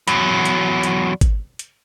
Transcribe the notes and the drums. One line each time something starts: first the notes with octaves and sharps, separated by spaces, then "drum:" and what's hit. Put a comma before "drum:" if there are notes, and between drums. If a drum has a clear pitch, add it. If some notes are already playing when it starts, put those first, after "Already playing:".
E2 F#3, drum: hi-hat
drum: hi-hat
drum: hi-hat
drum: kick G#1, hi-hat
drum: hi-hat